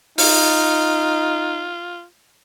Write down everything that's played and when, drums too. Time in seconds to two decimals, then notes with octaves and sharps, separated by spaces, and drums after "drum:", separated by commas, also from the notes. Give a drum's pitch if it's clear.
0.18 D#4 F4, drum: open hi-hat